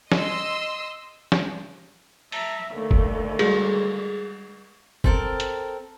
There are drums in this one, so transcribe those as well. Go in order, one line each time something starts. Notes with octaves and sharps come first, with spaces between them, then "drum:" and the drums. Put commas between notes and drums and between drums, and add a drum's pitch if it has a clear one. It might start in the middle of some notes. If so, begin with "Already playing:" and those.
D#5 C6 E6, drum: snare
drum: snare
E5 A5 A#5, drum: open hi-hat
D#2 D3 A3
drum: kick F#1
G3 G#3 F#4 G#4, drum: cymbal
C4 A4 A#4, drum: kick F#1
drum: hi-hat